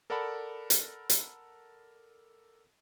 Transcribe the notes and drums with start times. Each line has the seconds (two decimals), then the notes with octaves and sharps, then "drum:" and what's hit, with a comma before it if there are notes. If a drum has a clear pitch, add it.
0.10 A4 A#4 D5 F#5 A5 B5
0.70 drum: hi-hat
1.09 drum: hi-hat